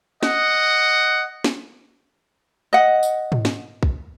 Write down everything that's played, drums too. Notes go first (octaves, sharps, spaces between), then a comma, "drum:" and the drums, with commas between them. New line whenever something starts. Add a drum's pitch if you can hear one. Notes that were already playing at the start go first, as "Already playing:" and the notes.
D#5 F#5, drum: snare
drum: snare
D#5 F#5
drum: tambourine
drum: tom G#2
drum: snare
drum: kick